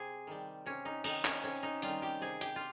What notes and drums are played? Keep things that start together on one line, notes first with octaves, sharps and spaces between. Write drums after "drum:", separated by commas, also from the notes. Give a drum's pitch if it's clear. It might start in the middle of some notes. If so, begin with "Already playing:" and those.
Already playing: C3 G#4
D#3 G3
C3 C#4
D#4
D#3 G3 D#4, drum: cymbal
C#4, drum: clap
C3 C#4
D#4
D#3 G3 F4, drum: hi-hat
G4
C3 G#4
G4, drum: hi-hat
F4